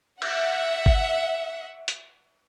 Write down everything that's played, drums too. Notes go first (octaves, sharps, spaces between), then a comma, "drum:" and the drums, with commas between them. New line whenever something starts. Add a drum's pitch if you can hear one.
E5 F#5, drum: cymbal
drum: kick G1
drum: hi-hat